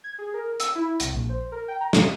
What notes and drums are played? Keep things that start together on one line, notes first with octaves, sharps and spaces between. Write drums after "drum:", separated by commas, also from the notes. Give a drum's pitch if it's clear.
G#6
G#4
A#4
E6, drum: hi-hat
E4
C2, drum: hi-hat
A#1
C5
A#4
G5
A#5
D#7, drum: snare